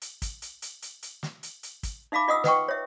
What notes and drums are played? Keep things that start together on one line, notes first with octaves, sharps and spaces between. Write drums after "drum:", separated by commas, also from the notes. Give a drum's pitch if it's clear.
drum: hi-hat
drum: kick, hi-hat
drum: hi-hat
drum: hi-hat
drum: hi-hat
drum: hi-hat
drum: snare
drum: hi-hat
drum: hi-hat
drum: kick, hi-hat
D#4 E5 F5 B5 D6
F4 D#5 F#5 D#6 E6
B4 D#5 F#5 G5 C#6, drum: snare
C#5 E5